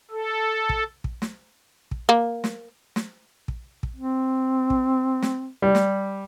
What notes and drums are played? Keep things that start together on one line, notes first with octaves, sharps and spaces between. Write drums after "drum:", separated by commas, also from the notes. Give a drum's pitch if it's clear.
A4
drum: kick
drum: kick
drum: snare
drum: kick
A#3
drum: snare
drum: snare
drum: kick
drum: kick
C4
drum: kick
drum: snare
G3
drum: snare